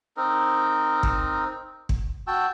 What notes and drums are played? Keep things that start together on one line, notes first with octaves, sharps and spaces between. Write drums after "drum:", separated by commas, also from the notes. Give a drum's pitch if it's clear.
C4 D#4 A#4
drum: kick
drum: kick
F#4 G5 A5 E6